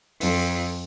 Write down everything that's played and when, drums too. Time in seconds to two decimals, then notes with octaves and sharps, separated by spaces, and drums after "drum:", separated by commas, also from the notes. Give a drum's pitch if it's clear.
0.21 F2, drum: open hi-hat